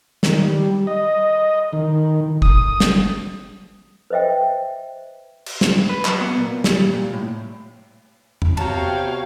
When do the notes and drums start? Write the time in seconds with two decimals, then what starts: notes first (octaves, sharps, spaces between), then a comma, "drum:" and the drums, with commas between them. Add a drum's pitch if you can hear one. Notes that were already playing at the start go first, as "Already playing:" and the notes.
0.23 D#3, drum: snare
0.42 G3
0.87 D#5
1.73 D#3
2.42 D#6, drum: kick
2.80 drum: snare
4.10 B4 C5 D#5 E5 G5
5.46 drum: cymbal
5.61 drum: snare
5.89 B4
6.05 F#3, drum: clap
6.21 B3
6.37 A#2
6.64 G3, drum: snare
6.93 A#2
7.13 A2
8.42 drum: tom E2
8.57 C3 B3 F#4 C#5 F5 G5 A5 A#5, drum: cymbal